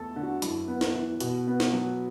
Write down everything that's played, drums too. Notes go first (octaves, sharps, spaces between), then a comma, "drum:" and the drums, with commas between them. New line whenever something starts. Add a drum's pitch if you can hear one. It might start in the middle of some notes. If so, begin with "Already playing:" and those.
Already playing: E2 A3 A4
D3
F#4
F#2 E4, drum: hi-hat
B3
drum: snare
E3
B2, drum: hi-hat
B3
drum: snare
F#3